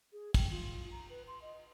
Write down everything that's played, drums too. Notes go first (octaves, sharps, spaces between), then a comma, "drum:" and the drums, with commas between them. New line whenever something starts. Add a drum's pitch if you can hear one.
G#4
G5, drum: kick, cymbal
F4
A#5
B4
C6
D#5